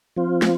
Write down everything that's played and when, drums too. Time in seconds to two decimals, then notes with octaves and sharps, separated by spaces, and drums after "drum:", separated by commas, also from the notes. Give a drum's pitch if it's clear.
0.17 F3 C4 F4
0.42 drum: snare